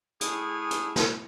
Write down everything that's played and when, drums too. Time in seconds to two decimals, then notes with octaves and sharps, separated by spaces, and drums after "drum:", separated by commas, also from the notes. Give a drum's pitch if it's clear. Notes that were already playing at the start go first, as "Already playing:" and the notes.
0.21 A2 G#4, drum: hi-hat
0.71 drum: hi-hat
0.96 drum: snare